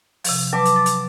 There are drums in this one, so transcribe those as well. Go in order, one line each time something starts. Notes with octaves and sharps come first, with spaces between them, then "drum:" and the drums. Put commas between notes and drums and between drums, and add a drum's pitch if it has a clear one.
C3 F3, drum: open hi-hat
F#3 B4 A5 D6
drum: hi-hat
A6
drum: hi-hat